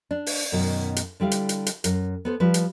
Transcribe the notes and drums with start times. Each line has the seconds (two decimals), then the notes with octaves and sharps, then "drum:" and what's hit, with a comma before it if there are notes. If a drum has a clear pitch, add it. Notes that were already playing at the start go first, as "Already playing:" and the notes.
0.11 D4
0.26 drum: open hi-hat
0.52 F#2 B2 D#3
0.96 drum: hi-hat
1.20 D3 G3 E4 F5
1.31 drum: hi-hat
1.49 drum: hi-hat
1.66 drum: hi-hat
1.84 F#2, drum: hi-hat
2.25 B3 A4 C5
2.40 F3 G3 B4
2.54 drum: hi-hat